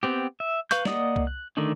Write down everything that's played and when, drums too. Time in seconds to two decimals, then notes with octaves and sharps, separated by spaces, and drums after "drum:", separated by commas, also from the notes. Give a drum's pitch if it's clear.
0.03 B3 C4 G4
0.40 E5
0.71 B4 F5 C#6 G6, drum: hi-hat
0.85 A#3 D5 D#5 F#5 D#6, drum: snare
1.16 drum: kick C2
1.27 F#6
1.57 D3 D#3 A3 D4 D#4